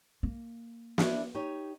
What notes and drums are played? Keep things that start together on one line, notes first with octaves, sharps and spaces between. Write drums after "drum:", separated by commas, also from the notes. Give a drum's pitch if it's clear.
A#3
D4 E4 E5, drum: snare
D#4 G4 C#5